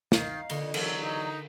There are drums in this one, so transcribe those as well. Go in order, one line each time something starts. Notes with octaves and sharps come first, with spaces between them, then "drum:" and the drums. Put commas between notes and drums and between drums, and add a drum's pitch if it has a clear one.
D#3 F5, drum: snare
A#2 D3 D#5 C#7, drum: cymbal
E2 F#3 A4 A#4 C5, drum: cymbal
D#4